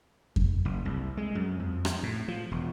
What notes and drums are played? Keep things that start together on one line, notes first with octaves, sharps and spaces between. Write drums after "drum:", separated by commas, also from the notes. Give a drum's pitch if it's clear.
drum: kick F2
F#1
C2
G#3
F#2
F2
drum: rim click
A2
F3
E1